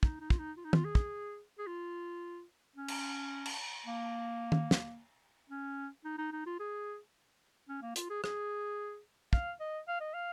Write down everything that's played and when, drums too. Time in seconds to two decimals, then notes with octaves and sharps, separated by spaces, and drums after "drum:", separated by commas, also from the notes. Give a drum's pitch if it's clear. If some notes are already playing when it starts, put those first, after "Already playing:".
0.03 D#4, drum: kick
0.20 D#4
0.30 F4, drum: kick
0.39 D#4
0.57 F4
0.65 D#4
0.73 F4, drum: tom
0.85 G#4
0.95 drum: kick
1.59 G#4
1.67 F4
2.76 C#4
2.88 drum: cymbal
3.46 drum: cymbal
3.86 A#3
4.52 drum: tom D#3
4.71 drum: snare
5.50 C#4
6.05 D#4
6.18 D#4
6.32 D#4
6.46 F4
6.60 G#4
7.69 C#4
7.82 A#3
7.96 F4, drum: hi-hat
8.10 G#4
8.24 G#4, drum: rim click
9.33 F5, drum: kick
9.60 D#5
9.88 F5
10.00 D#5
10.14 F5